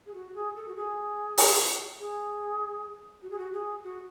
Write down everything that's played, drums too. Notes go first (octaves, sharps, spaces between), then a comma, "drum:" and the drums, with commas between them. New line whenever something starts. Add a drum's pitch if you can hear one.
G#4
F#4
G#4
A4
F#4
G#4
drum: open hi-hat
G#4
F#4
G#4
F#4
G#4
F#4